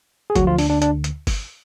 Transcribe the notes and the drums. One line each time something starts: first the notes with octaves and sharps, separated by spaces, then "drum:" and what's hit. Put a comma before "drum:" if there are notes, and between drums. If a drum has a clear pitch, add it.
G#4
D2 D3 F3 F#3 F#4, drum: kick, hi-hat
F3 F4
D4, drum: open hi-hat
D4
D4, drum: hi-hat
drum: hi-hat
drum: kick, open hi-hat